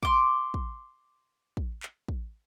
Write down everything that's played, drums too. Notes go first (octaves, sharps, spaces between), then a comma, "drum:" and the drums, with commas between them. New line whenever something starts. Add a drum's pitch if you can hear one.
C6 D6, drum: kick
drum: kick
drum: kick
drum: clap
drum: kick